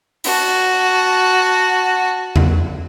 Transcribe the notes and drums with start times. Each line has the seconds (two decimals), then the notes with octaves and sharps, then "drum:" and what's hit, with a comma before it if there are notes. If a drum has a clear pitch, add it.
0.24 F#4 A5, drum: open hi-hat
2.36 drum: tom E2